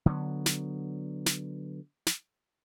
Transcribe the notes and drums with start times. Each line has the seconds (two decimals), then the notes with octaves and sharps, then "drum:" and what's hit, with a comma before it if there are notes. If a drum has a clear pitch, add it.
0.06 D3 F#3 B3
0.46 drum: snare
1.26 drum: snare
2.07 drum: snare